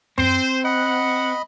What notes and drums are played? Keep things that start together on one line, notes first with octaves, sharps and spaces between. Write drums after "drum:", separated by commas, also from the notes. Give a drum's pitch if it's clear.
C4 C5, drum: tom F#2
D#5 F#5 B5